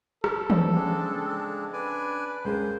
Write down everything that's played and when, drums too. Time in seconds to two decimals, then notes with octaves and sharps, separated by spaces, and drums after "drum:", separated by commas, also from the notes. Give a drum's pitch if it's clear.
0.24 A4, drum: rim click
0.50 drum: tom E3
0.75 C#3 G#3 C4 D4
1.73 D4 B4 D5 G#5
2.45 C#2 G#3 A#4 C5